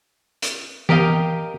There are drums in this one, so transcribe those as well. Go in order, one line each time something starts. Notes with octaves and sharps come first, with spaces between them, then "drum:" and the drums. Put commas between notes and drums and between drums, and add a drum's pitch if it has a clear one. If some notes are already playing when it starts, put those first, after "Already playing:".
drum: hi-hat
G4 A#4 D#5 F5 G5, drum: tom E3